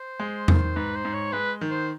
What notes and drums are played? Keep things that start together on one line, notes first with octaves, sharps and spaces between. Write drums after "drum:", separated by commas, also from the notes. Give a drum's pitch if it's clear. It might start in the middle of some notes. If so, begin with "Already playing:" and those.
Already playing: C5
G#3
D#3, drum: tom E2
G#2 B4
C5
G#2
C#5
G#3 B4
D#3
C5